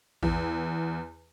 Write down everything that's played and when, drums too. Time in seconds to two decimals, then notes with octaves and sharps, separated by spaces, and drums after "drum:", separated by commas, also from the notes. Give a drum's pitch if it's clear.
0.23 E2, drum: kick A1